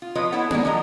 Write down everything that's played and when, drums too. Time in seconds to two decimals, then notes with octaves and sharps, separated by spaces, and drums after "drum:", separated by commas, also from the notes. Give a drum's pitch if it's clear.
0.02 F4
0.15 F3 F4 B4 C#5 D#5
0.32 B3 E4 A4 C#5 F#5
0.50 G3 G#3 A#3 D4, drum: tom A#3
0.65 F3 F#3 G#4 D#5 A#5